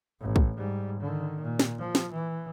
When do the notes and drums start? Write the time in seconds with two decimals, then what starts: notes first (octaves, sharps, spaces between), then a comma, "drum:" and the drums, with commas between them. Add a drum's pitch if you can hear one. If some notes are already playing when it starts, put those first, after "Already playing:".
0.20 A1
0.36 drum: kick
0.57 G#2 G3
1.00 D3 D#3
1.42 A#2
1.59 drum: snare
1.78 F3
1.95 drum: snare
2.12 E3